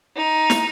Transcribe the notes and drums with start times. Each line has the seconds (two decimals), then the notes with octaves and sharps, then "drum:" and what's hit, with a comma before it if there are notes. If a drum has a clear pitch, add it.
0.16 D#4
0.50 drum: snare